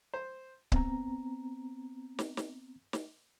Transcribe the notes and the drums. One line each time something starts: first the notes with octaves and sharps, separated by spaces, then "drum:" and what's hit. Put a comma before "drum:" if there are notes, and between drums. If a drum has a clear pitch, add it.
C5
B3 C4 A#5, drum: kick C#1
drum: snare
drum: snare
drum: snare